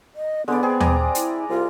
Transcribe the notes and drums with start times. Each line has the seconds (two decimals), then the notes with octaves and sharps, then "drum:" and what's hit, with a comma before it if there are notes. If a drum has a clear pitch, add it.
0.15 D#5
0.48 D3 G#3 B3 D5
0.63 C4 G#4
0.80 D5 G#5 A#5, drum: tom D#2
1.15 E4, drum: hi-hat
1.49 C2 F4